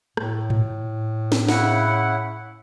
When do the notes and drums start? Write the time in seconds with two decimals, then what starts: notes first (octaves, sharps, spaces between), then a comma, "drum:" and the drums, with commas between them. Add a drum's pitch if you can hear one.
0.17 A2, drum: rim click
0.50 drum: tom G#2
1.32 drum: snare
1.48 C#3 E4 F#5, drum: snare